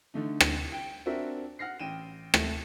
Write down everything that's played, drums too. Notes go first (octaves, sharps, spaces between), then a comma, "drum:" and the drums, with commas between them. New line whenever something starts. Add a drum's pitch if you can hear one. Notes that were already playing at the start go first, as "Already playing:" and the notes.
D3 A3 D#4
drum: rim click
G5
C4 D4 F#4 A#4 E5
F#5 F6 A#6 C7
A1 G5 D#7 E7
A3, drum: rim click